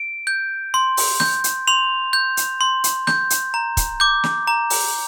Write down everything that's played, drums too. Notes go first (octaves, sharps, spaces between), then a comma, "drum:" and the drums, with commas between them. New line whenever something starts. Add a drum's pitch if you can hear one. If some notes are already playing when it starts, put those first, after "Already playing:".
Already playing: D7
G6
C6
drum: open hi-hat
G6, drum: snare
drum: hi-hat
C6 F7
G6
drum: hi-hat
C6
drum: hi-hat
G6, drum: snare
drum: hi-hat
A#5
drum: kick, hi-hat
D6 G6
drum: snare
A#5
drum: open hi-hat